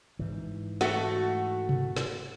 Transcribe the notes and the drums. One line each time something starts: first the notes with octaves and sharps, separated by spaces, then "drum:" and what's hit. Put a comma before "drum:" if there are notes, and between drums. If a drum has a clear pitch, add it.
G#2 E3
A3 F#4, drum: snare
drum: tom B2
drum: snare